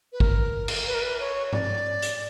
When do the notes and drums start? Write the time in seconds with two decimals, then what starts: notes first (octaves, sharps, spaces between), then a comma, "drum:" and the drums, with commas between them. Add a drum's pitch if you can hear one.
0.12 B4
0.20 A#4, drum: kick
0.68 drum: cymbal
0.87 B4
0.94 A#4
1.01 B4
1.20 C#5
1.53 D5, drum: tom G#2
2.02 drum: hi-hat